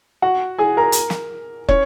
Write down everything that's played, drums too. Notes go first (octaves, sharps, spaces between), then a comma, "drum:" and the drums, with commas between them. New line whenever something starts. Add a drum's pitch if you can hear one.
F#4 F#5
G#4 G#5
A#4 A#5
drum: hi-hat
drum: snare
C#4 C#5, drum: kick